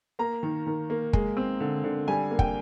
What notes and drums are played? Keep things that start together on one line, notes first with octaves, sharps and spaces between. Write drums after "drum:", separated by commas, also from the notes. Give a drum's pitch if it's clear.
A#3 A#5
D#3
D#3
A#3
G#3, drum: kick
C4
D3
D3
G3 G#5
A#3
G5, drum: kick